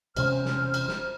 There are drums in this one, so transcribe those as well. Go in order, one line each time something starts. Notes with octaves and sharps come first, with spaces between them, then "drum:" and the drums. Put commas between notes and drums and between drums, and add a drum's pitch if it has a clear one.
E1 C3 C#4 C5 F6, drum: cymbal
drum: snare
drum: cymbal
drum: snare